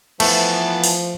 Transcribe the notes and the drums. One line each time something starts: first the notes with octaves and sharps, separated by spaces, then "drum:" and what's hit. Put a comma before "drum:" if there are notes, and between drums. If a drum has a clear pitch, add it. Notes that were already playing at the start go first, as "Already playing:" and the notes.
E3 F3 A3 B3 A5, drum: cymbal
drum: open hi-hat